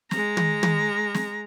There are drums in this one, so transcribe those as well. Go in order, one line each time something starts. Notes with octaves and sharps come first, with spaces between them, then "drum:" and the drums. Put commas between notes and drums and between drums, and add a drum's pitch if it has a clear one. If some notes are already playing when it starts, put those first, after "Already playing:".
G#3 A#5, drum: snare
drum: tom
drum: tom
drum: snare